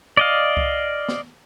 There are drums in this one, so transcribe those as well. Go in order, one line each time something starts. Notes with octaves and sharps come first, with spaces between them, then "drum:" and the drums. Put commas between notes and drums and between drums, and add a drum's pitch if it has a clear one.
D5 D#5 F5
drum: kick C2
drum: snare